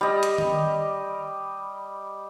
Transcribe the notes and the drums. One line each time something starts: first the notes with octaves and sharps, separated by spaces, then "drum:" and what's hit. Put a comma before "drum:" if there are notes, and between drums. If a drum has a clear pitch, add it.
G3 D#5
drum: hi-hat
drum: tom D#3